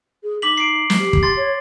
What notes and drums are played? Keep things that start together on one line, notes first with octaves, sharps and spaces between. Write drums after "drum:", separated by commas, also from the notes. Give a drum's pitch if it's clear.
G#4
D#4 D6 B6 F#7
C7 D7
drum: snare
G4
drum: kick
C6 A6
C#5